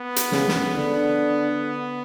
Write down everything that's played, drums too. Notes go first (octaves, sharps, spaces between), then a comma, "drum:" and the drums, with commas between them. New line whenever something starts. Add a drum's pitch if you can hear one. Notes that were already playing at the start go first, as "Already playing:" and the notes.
Already playing: B3
drum: hi-hat
C#3, drum: snare
drum: snare
D3